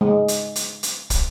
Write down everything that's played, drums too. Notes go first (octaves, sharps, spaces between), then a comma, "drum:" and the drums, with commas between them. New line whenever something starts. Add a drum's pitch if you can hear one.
G#3
drum: hi-hat
drum: hi-hat
drum: hi-hat
drum: kick, hi-hat